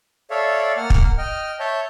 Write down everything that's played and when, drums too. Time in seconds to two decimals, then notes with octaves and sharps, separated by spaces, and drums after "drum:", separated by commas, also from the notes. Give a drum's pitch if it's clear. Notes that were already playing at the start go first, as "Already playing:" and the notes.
0.30 A4 C#5 D5 E5 F5
0.77 A#3 F#5 F6
0.90 drum: kick
1.18 D#5 G5 F6
1.60 C#5 E5 A5 G6